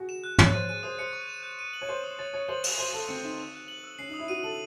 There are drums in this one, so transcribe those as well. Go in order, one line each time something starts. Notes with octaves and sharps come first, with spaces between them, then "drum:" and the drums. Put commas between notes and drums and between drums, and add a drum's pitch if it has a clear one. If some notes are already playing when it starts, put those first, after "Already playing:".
Already playing: F#4 G#4
E7
F#6
C#5 A6, drum: tom
C5 D#7
G#4 D#7
C5 D#6
C5 C#7
C#6
E7
F#6
D#7
F#7
C#5
C5 D#7
D#6
C#5 A6
C#5 D#6
C5 F#7
E6, drum: open hi-hat
C5 D#7
A4 F#7
C4 C#7
D#4 E7
E7
F#6
F#7
E6
C#4 C7
D#4
D#6
E4
F#4 D#7
A4 F#7